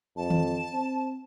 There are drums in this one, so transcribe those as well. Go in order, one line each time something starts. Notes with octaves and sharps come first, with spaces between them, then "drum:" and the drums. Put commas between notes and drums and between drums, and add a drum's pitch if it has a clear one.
F2 A5
drum: tom D#3
C4